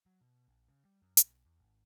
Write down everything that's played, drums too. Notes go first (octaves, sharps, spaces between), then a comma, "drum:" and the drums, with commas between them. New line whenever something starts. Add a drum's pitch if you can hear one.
F#3
B2
A#1
C#3
G3
F#2
B1, drum: hi-hat
E2
G#1